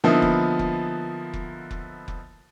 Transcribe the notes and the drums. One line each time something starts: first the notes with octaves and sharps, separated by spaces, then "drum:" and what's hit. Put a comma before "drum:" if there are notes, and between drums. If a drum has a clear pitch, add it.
D3 F3 A#3 B3 D#4 E4
drum: kick F1
drum: kick F1
drum: kick F1
drum: kick F1
drum: kick F1